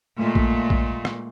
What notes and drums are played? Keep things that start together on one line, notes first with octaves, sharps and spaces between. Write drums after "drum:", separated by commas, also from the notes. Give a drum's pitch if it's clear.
A#2 G#3 A3
drum: kick A#1
drum: kick A#1
drum: rim click